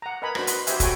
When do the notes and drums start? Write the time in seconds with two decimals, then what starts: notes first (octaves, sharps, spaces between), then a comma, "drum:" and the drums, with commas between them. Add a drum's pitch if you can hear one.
0.02 F#5 A#5
0.22 A#4 B4 D#5 G#5 A#5 B5
0.35 D4 F#4 C5 B5, drum: rim click
0.47 B4 D#5 B5 C6, drum: hi-hat
0.67 F#4 G4 C5 D#5 E5 G#5, drum: hi-hat
0.80 F#4 A4 C#5 G5 G#5 B5, drum: kick, hi-hat